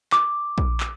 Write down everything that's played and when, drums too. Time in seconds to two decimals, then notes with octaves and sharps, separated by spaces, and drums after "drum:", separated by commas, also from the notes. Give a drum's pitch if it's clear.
0.12 D6, drum: clap
0.58 drum: kick A#1
0.80 drum: clap